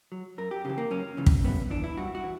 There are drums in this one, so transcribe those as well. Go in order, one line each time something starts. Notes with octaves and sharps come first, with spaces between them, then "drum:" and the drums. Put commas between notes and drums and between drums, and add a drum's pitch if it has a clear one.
F#3
F#2 A#4
G4
C#3 E3 G4
A#3
F#2 C#4
C#3 E3
drum: kick
G2 B3
E3 D4
E4
G2 F#4
F#4
E3